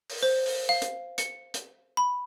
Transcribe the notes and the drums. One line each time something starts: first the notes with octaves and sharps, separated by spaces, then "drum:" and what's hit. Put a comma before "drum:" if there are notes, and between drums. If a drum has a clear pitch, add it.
drum: open hi-hat
C5
drum: open hi-hat
F5
drum: hi-hat
C#7, drum: hi-hat
drum: hi-hat
B5